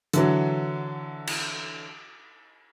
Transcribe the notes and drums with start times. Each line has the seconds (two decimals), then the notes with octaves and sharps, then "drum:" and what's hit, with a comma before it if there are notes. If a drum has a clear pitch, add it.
0.13 D3 E3 F#3, drum: hi-hat
1.27 drum: cymbal